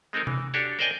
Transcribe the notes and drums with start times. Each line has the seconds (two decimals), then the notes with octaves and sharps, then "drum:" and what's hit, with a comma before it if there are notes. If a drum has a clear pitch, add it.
0.13 G#3 C4 D#4 A4 A#4
0.27 E3, drum: tom C3
0.54 D4 F#4 G4 A4 C#5
0.79 A#4 C5 D5 D#5 G5 G#5